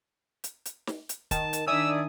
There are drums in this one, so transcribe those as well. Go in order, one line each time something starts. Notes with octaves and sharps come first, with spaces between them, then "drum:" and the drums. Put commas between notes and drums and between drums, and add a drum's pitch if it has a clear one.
drum: hi-hat
drum: hi-hat
drum: snare
drum: hi-hat
D#3 A5, drum: kick, hi-hat
drum: hi-hat
D#3 D4 D5 E5 G#5 D#6 E6